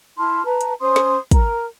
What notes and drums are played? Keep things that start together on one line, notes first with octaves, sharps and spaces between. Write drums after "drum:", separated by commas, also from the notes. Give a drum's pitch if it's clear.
E4 A5 C6 F6
B4 A5 A#5
drum: hi-hat
C#4 C5 C6 D#6
drum: snare
A#4 A#5, drum: kick, hi-hat